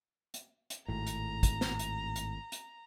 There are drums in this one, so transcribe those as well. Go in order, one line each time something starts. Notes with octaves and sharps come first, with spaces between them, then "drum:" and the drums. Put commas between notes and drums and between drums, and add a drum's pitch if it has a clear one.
drum: hi-hat
drum: hi-hat
G#1 A2 A#5
drum: hi-hat
drum: kick, hi-hat
drum: snare
drum: hi-hat
drum: hi-hat
drum: hi-hat